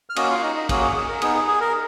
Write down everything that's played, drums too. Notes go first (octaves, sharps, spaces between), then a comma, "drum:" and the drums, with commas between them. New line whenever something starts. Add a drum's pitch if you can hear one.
F6
A#3 C#4 F#4 D#5 D#6, drum: cymbal
F4 F5
D#4 D#5
D#4 D#5
A#3 C#4 F#4 G#4, drum: kick, cymbal
G#4
G#4
A#4
B3 D#4 G#4, drum: cymbal
G#4
G#4
A#4